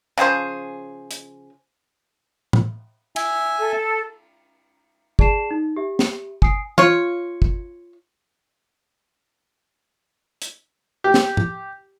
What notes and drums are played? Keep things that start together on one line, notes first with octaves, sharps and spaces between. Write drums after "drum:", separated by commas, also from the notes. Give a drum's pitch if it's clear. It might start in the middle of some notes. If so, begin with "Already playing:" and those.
C#3 F3 G#4 C5
drum: hi-hat
drum: tom
E5 G#5, drum: cymbal
A4
G#4 D5 A5 C7 E7, drum: kick
D#4
G4 E5
drum: snare
G#5 D#6 C7 D7, drum: kick
F4 C#5, drum: tom
drum: kick
drum: hi-hat
G4
drum: snare
drum: tom G#2